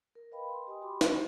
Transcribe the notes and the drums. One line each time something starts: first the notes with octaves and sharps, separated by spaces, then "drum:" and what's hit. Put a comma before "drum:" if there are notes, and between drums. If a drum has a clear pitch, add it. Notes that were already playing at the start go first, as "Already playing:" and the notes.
A#4
A#4 B4 D#5 F5 G5 B5
C6
G4 D#5 G5 G#5 D#6
F#4 G4 B5 C6 D6
C5 F#5, drum: snare